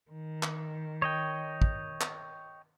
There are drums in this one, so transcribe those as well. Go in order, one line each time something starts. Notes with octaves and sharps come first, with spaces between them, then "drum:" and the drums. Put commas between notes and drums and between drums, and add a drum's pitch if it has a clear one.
D#3
drum: clap
C#5 D#5 G5
drum: kick
drum: clap